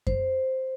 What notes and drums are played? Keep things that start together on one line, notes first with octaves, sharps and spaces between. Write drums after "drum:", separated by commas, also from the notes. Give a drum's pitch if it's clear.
C5, drum: kick F#2